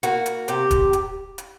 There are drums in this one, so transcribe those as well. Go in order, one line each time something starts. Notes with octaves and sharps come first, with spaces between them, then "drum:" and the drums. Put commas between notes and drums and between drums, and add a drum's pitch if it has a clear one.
A#3 F#4, drum: hi-hat
drum: hi-hat
C3 G4, drum: hi-hat
drum: kick, hi-hat
drum: hi-hat
drum: hi-hat